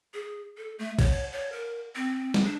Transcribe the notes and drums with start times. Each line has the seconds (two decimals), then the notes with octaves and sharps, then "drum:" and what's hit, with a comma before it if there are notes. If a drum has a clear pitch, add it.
0.14 G#4
0.57 A4
0.79 A3
0.99 C#5, drum: kick, cymbal
1.33 C#5
1.52 A#4
1.95 C4
2.34 drum: snare
2.45 D4